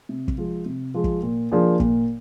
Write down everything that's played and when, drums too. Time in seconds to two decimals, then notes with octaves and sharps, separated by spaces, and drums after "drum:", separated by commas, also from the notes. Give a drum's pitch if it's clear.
0.09 C3
0.28 drum: kick
0.38 F3 G#3
0.66 C3
0.94 F3 G#3
1.04 drum: kick
1.23 A#2
1.52 F3 A#3 D4 G#4
1.80 A#2, drum: kick